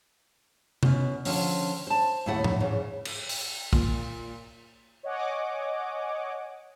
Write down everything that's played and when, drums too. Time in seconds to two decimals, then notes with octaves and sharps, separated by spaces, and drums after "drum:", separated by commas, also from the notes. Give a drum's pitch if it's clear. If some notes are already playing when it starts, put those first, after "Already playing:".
0.83 B2 C#4, drum: tom C3
1.25 D3 F3 C#4, drum: open hi-hat
1.87 C5 A5
2.26 D#2 A2 C#3 E4 D5 F#5
2.44 drum: tom A2
2.60 E2 G#2 C#3 E3
3.05 drum: cymbal
3.29 drum: open hi-hat
3.73 A#2, drum: kick B1
5.03 C#5 D#5 F#5 G#5 D6